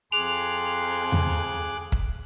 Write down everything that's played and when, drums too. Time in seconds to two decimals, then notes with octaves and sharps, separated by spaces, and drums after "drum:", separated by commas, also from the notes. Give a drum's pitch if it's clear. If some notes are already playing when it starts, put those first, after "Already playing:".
0.12 F2 G#4 C6 D6 F#6 F7
1.12 drum: tom E2
1.92 drum: kick